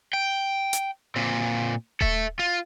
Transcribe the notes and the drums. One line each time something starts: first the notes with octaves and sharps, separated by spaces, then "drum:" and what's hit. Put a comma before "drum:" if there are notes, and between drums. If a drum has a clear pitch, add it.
G5
drum: hi-hat
A#2 C4
A4 E5, drum: kick D#1
F4